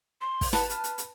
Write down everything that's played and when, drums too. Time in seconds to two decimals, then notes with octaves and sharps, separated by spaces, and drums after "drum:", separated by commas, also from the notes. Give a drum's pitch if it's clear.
0.21 C6
0.41 drum: kick, open hi-hat
0.53 B4 F#5 A5, drum: snare
0.69 F6, drum: hi-hat
0.84 drum: hi-hat
0.98 drum: hi-hat